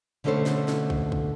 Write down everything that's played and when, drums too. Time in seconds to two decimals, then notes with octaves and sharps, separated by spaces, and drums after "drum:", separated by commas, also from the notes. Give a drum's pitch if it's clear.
0.24 B2 D3 A3 C#4 A4 C5
0.46 drum: snare
0.68 drum: snare
0.90 drum: kick
1.12 drum: kick